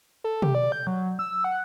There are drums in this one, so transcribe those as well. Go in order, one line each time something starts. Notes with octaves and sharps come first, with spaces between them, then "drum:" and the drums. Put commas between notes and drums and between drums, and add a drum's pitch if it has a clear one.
A4
G4, drum: tom
D5
G6
F#3
E6
F#5